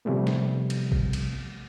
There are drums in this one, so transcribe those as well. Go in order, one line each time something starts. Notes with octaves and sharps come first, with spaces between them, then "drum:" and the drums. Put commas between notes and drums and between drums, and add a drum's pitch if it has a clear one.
C3 F3 G3 A3 B3
drum: snare
drum: cymbal
drum: kick G#1
drum: cymbal